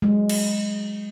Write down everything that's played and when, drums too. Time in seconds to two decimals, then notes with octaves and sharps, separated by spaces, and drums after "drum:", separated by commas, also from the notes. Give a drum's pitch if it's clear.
0.02 F#3 G#3
0.29 drum: cymbal